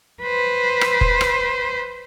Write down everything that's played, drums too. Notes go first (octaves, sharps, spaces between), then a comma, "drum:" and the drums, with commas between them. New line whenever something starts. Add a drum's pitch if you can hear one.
B4 C5
drum: rim click
drum: kick F1
drum: rim click